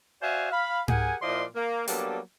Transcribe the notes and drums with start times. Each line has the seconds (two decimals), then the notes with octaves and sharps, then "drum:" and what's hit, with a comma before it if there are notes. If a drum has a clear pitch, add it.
0.22 F#4 C5 D5 E5 F5 G#5
0.51 F5 B5
0.88 G4 G#4 A#4 F#5 G#5, drum: tom G#2
1.22 A#2 F3 E4 D5 D#5 C6
1.55 A#3
1.88 F#3 G3 A#3 B3 D4 A4, drum: open hi-hat